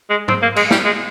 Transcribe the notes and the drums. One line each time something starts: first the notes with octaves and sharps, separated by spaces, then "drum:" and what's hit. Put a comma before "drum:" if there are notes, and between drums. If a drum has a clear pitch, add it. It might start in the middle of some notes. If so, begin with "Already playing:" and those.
G#3
C4, drum: tom
A#3
G#3, drum: cymbal
G3, drum: snare
G#3